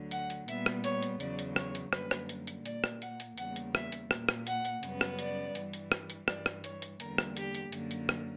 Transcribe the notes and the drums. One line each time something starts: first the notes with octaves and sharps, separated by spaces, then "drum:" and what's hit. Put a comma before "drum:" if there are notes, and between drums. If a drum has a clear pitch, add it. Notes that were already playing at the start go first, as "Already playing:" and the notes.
Already playing: D2 D3 F#3
F#5, drum: hi-hat
drum: hi-hat
A#2 G3 B3 E5, drum: hi-hat
drum: rim click
C#5, drum: hi-hat
drum: hi-hat
E2 C#3 F#3 D5, drum: hi-hat
drum: hi-hat
C#5, drum: rim click
drum: hi-hat
F#2 D3 G3 A#3 B4, drum: rim click
drum: rim click
drum: hi-hat
drum: hi-hat
A#2 A#3 D5, drum: hi-hat
drum: rim click
F#5, drum: hi-hat
drum: hi-hat
E2 C#3 G3 A#3 F#5, drum: hi-hat
drum: hi-hat
E5, drum: rim click
drum: hi-hat
A#2 A#3, drum: rim click
drum: rim click
F#5, drum: hi-hat
drum: hi-hat
F#2 C#3 G3 B3, drum: hi-hat
drum: rim click
D5, drum: hi-hat
G2 E3 G3, drum: hi-hat
drum: hi-hat
drum: rim click
drum: hi-hat
G2 E3 G3 D5, drum: rim click
drum: rim click
C#5, drum: hi-hat
drum: hi-hat
E2 D3 G3 A#3 A#4, drum: hi-hat
drum: rim click
G4, drum: hi-hat
drum: hi-hat
F#2 D3 A#3, drum: hi-hat
drum: hi-hat
drum: rim click